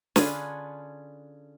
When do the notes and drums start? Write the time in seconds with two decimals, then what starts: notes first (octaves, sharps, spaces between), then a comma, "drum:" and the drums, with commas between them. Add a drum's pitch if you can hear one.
0.16 D3 C#4 D4 F4 G#4 B4, drum: snare